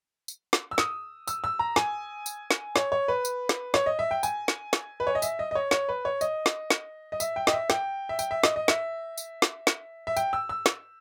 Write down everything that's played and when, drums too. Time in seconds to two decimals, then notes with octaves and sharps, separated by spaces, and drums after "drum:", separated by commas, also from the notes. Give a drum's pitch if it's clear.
0.28 drum: tambourine
0.53 drum: snare
0.71 E6
0.78 D#6, drum: snare
1.27 E6, drum: tambourine
1.44 E6
1.59 A#5
1.76 G#5, drum: snare
2.26 drum: tambourine
2.51 drum: snare
2.76 C#5, drum: snare
2.92 C#5
3.08 B4
3.25 drum: tambourine
3.49 drum: snare
3.74 C#5, drum: snare
3.86 D#5
3.99 E5
4.11 G5
4.23 G#5, drum: tambourine
4.48 drum: snare
4.73 drum: snare
5.00 B4
5.07 C#5
5.15 D#5
5.22 E5, drum: tambourine
5.39 D#5
5.51 D#5
5.55 C#5
5.71 C#5, drum: snare
5.89 B4
6.05 C#5
6.21 D#5, drum: tambourine
6.46 drum: snare
6.70 drum: snare
7.12 D#5
7.20 E5, drum: tambourine
7.36 G5
7.47 D#5, drum: snare
7.53 E5
7.70 G5, drum: snare
8.09 E5
8.19 G5, drum: tambourine
8.31 E5
8.44 D#5, drum: snare
8.56 D#5
8.68 E5, drum: snare
9.18 drum: tambourine
9.42 drum: snare
9.67 drum: snare
10.07 E5
10.17 G5, drum: tambourine
10.33 E6
10.49 E6
10.66 drum: snare